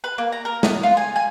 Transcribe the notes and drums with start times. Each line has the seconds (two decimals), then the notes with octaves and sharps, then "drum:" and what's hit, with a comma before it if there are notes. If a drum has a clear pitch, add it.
0.04 B4
0.18 A#3
0.32 A#5
0.45 A#4
0.63 B3, drum: snare
0.83 F4
0.97 G#5
1.16 G#5